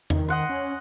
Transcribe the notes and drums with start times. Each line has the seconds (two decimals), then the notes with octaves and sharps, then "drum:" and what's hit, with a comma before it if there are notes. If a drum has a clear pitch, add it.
0.10 D#3, drum: tom E2
0.28 D#5 F#5 C6
0.49 C#4